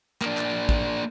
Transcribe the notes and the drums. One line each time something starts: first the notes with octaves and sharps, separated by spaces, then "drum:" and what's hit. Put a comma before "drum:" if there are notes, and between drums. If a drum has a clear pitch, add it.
A#3 D4, drum: clap
drum: clap
drum: kick A1